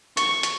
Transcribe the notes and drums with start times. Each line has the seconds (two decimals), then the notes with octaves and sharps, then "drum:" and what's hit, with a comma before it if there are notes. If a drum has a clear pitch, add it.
0.17 C#6, drum: hi-hat
0.43 drum: hi-hat